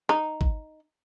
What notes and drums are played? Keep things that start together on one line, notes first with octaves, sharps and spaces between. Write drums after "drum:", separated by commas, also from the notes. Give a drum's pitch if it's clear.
D#4, drum: rim click
drum: kick